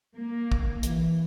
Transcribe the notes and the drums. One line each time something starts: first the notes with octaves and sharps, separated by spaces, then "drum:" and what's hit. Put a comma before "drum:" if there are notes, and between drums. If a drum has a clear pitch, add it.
A#3
drum: kick
E3, drum: hi-hat